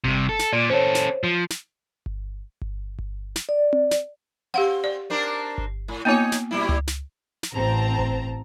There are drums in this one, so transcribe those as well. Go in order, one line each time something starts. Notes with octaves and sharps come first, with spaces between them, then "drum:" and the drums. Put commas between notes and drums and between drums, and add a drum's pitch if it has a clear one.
C2 C3, drum: kick G1
A4
drum: snare
A#2 D5
C#4 A4 C5 C#5
drum: snare
F3
drum: snare
drum: kick G1
drum: kick G1
drum: kick G1
drum: snare
D5
drum: tom C4
drum: snare
C4 G4 F5 F#5
D5
C4 D4 A#4
drum: kick G1
A2
A#3 B3 D#4 F4 C#5
drum: snare
B2 G3 E4
drum: tom C#2
drum: snare
drum: snare
A1 C4 A5 A#5
drum: kick G1